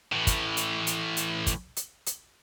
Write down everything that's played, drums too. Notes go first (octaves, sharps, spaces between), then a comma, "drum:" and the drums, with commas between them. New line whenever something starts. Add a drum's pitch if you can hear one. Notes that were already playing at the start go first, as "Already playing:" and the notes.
A2 E3
drum: kick, hi-hat
drum: hi-hat
drum: hi-hat
drum: hi-hat
drum: kick, hi-hat
drum: hi-hat
drum: hi-hat